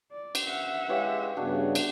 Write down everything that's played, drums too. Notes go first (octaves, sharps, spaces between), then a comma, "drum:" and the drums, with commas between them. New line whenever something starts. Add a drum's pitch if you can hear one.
D5
drum: cymbal
E5 F#5
G#3 E4 G4 B4 C#5 F5
G2 C#3 B3 D4 F#4 G#4
drum: cymbal